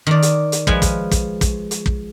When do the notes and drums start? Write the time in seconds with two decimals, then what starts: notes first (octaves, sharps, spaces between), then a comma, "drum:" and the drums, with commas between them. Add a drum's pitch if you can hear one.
0.07 D#3 D5
0.22 drum: hi-hat
0.52 drum: hi-hat
0.67 F3 G#3 B4 G#5, drum: kick
0.82 drum: kick, hi-hat
1.11 drum: kick, hi-hat
1.41 drum: kick, hi-hat
1.71 drum: hi-hat
1.86 drum: kick